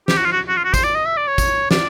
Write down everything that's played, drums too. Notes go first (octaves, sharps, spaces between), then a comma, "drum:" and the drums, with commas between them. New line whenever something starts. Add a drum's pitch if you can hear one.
G4, drum: snare
F#4
F4
F#4
F#4
F4
F#4
C5, drum: kick, tambourine
D5
D#5
E5
D5
C#5
drum: kick, tambourine
D5, drum: snare